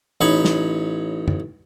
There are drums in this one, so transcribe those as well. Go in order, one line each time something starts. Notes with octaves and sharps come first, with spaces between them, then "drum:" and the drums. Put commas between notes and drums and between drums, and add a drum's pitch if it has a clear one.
A1 D#4 C#5 B5
drum: snare
drum: tom